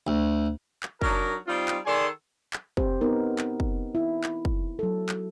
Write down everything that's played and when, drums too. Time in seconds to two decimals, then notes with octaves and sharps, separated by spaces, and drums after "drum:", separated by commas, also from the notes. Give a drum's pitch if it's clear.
0.07 D2
0.83 drum: clap
1.01 F#3 D4 D#4 A#4, drum: kick
1.47 G3 C4 D#4 F4
1.68 drum: clap
1.86 D#3 G#4 A4 D5 G#5 C6
2.53 drum: clap
2.77 C4 G4 C5, drum: kick
3.01 B3 D#4 A#4
3.38 drum: clap
3.60 drum: kick
3.95 E4
4.24 drum: clap
4.45 drum: kick
4.79 F#3 A4
5.09 drum: clap